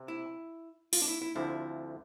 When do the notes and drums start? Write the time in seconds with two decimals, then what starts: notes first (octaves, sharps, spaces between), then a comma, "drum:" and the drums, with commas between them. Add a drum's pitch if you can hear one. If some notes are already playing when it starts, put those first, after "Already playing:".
Already playing: C3
0.08 E4
0.93 F4, drum: open hi-hat
1.02 D4
1.08 E4
1.22 E4
1.35 D2 D3 F3 C4 E4